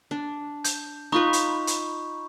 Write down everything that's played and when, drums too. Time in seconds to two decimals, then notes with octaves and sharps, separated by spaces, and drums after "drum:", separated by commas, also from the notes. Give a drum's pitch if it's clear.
0.11 D4
0.64 G6, drum: hi-hat
1.12 D#4 F4 B4 A#5 B5 C#6
1.33 drum: hi-hat
1.67 drum: hi-hat